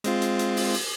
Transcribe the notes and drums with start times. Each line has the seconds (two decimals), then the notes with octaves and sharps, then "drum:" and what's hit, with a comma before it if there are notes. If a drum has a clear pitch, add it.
0.04 G#3 C4 F4, drum: hi-hat
0.22 drum: hi-hat
0.39 drum: hi-hat
0.57 drum: open hi-hat
0.74 drum: open hi-hat